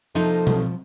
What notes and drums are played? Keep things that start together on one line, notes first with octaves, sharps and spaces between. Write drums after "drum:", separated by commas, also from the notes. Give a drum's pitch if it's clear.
C3 F3 A#3 D#4 A4
drum: tom B2